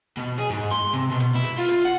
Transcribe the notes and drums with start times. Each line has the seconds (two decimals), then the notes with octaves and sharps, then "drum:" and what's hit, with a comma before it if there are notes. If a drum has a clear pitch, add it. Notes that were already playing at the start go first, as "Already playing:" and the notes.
0.17 B2
0.38 G#4
0.50 G#2
0.71 C6, drum: hi-hat
0.93 C3
1.11 B2
1.20 drum: hi-hat
1.35 E4
1.44 drum: hi-hat
1.58 F4
1.69 drum: hi-hat
1.85 F#5